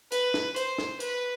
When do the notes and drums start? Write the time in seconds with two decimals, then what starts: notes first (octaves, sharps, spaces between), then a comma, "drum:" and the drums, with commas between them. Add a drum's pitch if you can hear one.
0.12 B4, drum: hi-hat
0.34 drum: snare
0.56 C5, drum: hi-hat
0.78 drum: snare
1.00 B4, drum: hi-hat